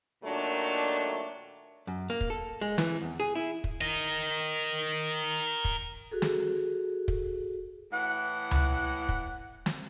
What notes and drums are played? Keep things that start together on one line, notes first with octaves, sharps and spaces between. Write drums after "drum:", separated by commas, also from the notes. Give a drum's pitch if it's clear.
A#2 D#3 F#3 A3 D4
F#2
A#3
drum: kick
A4
G#3
E3, drum: snare
E2
G#4
E4
drum: kick
A#4 D#5
drum: kick
F#4 G#4 A4
drum: snare
drum: kick
A2 E3 F#5
drum: tom C#2
drum: kick
drum: snare